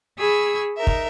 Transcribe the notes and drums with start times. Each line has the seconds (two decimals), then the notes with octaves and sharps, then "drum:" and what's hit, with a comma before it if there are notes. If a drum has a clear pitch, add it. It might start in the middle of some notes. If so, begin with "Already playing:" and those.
0.18 G#4 B5 C#6 E6 G#6
0.76 D#4 A#4 E5
0.87 drum: kick